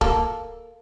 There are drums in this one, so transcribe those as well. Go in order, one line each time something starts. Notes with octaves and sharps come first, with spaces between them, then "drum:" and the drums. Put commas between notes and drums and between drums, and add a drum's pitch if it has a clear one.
A#3 A4, drum: kick